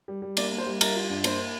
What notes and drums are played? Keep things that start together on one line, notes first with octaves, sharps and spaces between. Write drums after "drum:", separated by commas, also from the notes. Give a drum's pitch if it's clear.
G3
G3
A#3 D5, drum: cymbal
A#3
C5
G3
G3 A#4, drum: cymbal
F4
G2
A#3 C5, drum: cymbal